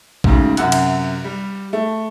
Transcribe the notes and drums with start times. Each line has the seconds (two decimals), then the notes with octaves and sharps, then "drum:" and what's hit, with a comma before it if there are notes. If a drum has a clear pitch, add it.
0.24 D2 G#2 C#3, drum: kick A#1
0.57 F#2 C3 F#5 F#6, drum: hi-hat
0.72 drum: cymbal
1.24 G3
1.73 A3